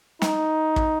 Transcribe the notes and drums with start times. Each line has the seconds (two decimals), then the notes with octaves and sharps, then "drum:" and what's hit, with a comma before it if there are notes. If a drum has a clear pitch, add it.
0.22 D#4, drum: snare
0.76 drum: kick